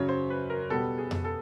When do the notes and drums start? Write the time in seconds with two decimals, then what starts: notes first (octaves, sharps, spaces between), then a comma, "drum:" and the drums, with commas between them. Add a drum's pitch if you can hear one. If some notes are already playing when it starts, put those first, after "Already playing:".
Already playing: F#2 C#3 F#3 C#5
0.09 C5
0.30 B4
0.50 A#4
0.70 B2 G3 B3 A4
0.98 G#4
1.11 drum: tom F2
1.25 A4